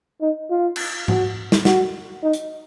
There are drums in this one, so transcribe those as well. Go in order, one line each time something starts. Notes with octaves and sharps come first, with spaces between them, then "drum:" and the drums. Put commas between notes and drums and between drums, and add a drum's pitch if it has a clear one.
D#4
F4
drum: cymbal
F#4, drum: tom G#2
drum: snare
F#4, drum: snare
D#4
drum: hi-hat